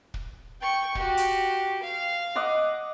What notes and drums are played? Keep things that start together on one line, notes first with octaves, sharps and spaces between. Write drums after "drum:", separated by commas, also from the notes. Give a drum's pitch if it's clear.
drum: kick
G5 C#6
F#4 G4, drum: kick
drum: hi-hat
F5
D#5 F#5 D6